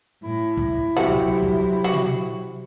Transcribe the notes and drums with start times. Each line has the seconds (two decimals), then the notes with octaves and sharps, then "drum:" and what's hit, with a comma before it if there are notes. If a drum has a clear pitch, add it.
0.23 A2 E4
0.57 drum: kick
0.97 C3 F#3 F#4
1.08 drum: kick
1.42 drum: kick
1.84 F#4
1.93 drum: tom B2